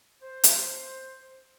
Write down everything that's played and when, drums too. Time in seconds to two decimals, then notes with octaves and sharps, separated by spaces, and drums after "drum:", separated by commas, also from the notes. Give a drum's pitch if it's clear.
0.22 C5
0.44 drum: hi-hat